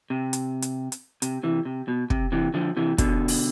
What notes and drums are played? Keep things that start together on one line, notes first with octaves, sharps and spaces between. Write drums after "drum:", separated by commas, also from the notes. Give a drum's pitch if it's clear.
C3
drum: hi-hat
drum: hi-hat
drum: hi-hat
C3, drum: hi-hat
C3 E3
C3
B2
C3, drum: kick
C3 E3
D3 F3
C3 E3
B2 D3, drum: kick, hi-hat
drum: open hi-hat